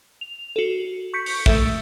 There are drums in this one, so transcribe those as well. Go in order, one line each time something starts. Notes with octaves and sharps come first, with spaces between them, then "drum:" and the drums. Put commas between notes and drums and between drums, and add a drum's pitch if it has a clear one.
F7
F#4 A4
C#6 G6 B6 C#7
drum: open hi-hat
A3 A4 E5, drum: kick